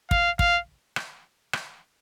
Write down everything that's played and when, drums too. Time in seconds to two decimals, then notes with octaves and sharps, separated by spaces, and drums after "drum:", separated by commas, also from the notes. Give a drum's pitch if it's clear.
0.11 F5, drum: kick
0.39 F5, drum: kick
0.96 drum: rim click
1.53 drum: rim click